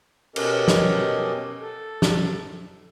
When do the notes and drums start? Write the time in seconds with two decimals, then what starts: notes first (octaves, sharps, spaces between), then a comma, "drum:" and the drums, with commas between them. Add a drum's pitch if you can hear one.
0.36 B2 C#4 G4 A4 A#4 D#5, drum: cymbal
0.68 drum: snare
1.61 A4
2.02 drum: snare